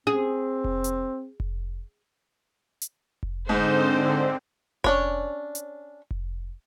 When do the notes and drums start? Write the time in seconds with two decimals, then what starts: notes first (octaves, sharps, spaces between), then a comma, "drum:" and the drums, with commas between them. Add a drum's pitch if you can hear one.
0.07 C4 G#4, drum: tom C#4
0.64 drum: kick F1
0.84 drum: hi-hat
1.40 drum: kick F1
2.81 drum: hi-hat
3.23 drum: kick F1
3.49 G#2 D3 C4 D#4 C5
4.84 C#4 D4 C#5, drum: kick F1
5.55 drum: hi-hat
6.11 drum: kick F1